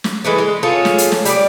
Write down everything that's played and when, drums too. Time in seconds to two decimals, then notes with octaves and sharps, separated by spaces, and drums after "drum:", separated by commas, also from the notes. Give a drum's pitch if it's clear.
0.04 drum: snare
0.24 E3 G#3 A3
0.38 G#3
0.63 F4 G#4 A4 C#5
0.85 drum: snare
0.98 drum: hi-hat
1.12 drum: snare
1.25 G3 D5, drum: hi-hat